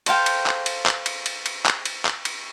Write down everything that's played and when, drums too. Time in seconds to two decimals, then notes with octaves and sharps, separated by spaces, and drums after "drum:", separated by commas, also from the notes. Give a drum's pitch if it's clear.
0.06 A4 C5 F5 G5, drum: cymbal
0.26 drum: cymbal
0.46 drum: clap
0.66 drum: cymbal
0.86 drum: clap
1.06 drum: cymbal
1.26 drum: cymbal
1.46 drum: cymbal
1.66 drum: clap
1.85 drum: cymbal
2.05 drum: clap
2.25 drum: cymbal